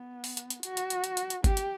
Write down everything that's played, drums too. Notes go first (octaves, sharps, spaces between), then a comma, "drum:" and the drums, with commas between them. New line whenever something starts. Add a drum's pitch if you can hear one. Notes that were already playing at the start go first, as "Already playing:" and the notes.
Already playing: B3
drum: open hi-hat
drum: hi-hat
drum: hi-hat
F#4, drum: hi-hat
drum: hi-hat
drum: hi-hat
drum: hi-hat
drum: hi-hat
drum: hi-hat
G4, drum: kick G1, hi-hat
drum: hi-hat